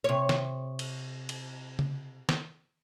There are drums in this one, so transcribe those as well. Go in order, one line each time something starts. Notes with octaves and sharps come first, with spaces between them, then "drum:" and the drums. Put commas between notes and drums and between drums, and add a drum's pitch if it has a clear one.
C3 C#5
drum: snare
drum: cymbal
drum: cymbal
drum: tom C#3
drum: snare